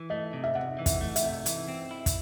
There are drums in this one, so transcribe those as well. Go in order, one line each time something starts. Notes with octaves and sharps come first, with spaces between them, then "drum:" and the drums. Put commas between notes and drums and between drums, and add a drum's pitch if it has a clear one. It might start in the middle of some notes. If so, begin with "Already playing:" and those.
Already playing: E3
A3 D#5
C3
E5
C3 F#5
E3
E5, drum: kick, hi-hat
A3
E5, drum: hi-hat
C3
E3, drum: hi-hat
C4
E4
drum: kick, hi-hat